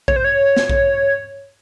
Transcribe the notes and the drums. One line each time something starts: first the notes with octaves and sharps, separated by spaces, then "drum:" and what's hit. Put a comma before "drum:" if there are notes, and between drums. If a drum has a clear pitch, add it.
C#5, drum: kick A#1
C5
C#5
drum: snare
drum: kick A#1